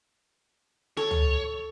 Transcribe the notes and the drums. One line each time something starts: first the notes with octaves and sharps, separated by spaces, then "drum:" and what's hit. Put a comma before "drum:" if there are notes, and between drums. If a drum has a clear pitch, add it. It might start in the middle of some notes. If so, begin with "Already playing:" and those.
A4 C#5
drum: tom